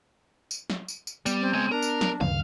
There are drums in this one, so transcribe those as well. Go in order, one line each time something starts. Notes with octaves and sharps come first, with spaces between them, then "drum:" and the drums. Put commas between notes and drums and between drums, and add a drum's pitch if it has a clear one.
drum: tambourine
drum: snare
drum: tambourine
drum: tambourine
G3 B3, drum: tambourine
C4
C#2 G#3
D4 A#4
drum: tambourine
drum: snare
D2 G2 C#3 F5, drum: tom